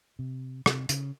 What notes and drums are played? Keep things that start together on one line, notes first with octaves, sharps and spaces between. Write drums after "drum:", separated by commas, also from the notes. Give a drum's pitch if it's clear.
C3
C3, drum: rim click
C#3, drum: hi-hat